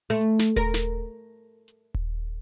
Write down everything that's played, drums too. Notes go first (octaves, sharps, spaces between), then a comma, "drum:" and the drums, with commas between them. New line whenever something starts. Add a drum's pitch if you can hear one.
A3
drum: hi-hat
drum: snare
A#4, drum: kick D#1
drum: snare
drum: hi-hat
drum: kick D#1